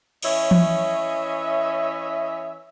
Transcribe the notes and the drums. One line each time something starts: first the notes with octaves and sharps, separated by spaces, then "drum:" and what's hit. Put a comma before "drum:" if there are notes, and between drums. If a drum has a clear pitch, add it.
E3 C#4 C#5 D#5 E5, drum: cymbal
drum: tom E3